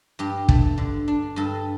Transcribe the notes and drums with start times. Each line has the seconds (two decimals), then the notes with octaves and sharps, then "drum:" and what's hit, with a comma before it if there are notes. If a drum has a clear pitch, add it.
0.19 G2 G4
0.49 A3, drum: kick
0.78 D3
1.08 D4
1.36 G2 A4